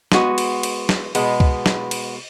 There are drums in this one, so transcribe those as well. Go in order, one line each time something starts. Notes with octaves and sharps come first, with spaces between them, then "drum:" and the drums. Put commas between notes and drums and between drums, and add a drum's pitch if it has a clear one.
G#3 B3 F#4, drum: snare
drum: cymbal
drum: cymbal
drum: snare
B2 G#3 B3, drum: cymbal
drum: kick C#2
drum: snare
drum: cymbal